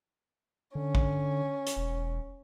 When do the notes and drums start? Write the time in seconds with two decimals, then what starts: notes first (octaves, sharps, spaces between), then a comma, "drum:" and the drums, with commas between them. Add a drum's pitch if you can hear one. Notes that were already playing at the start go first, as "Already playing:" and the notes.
0.75 D3 C#4
0.95 drum: kick
1.67 drum: hi-hat
1.77 E1